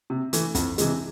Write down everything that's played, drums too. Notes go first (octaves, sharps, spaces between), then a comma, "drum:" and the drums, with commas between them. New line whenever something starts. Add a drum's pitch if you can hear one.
C3
E3 A3, drum: hi-hat
F2, drum: kick, hi-hat
C3 E3 G#3, drum: hi-hat